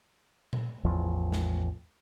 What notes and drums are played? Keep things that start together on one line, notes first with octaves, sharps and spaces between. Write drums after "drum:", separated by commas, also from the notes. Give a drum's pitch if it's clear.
drum: tom A#2
A1 E2 F3
drum: snare